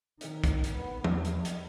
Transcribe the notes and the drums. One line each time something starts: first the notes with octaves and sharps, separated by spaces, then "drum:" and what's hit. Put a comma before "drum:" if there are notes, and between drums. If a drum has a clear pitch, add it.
D#3, drum: hi-hat
drum: kick, hi-hat
drum: hi-hat
B3
E2, drum: tom F3
drum: hi-hat
drum: hi-hat